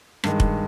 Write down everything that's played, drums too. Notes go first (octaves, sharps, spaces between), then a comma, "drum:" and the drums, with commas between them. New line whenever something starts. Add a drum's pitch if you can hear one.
G2 D#3 G#3, drum: rim click
drum: kick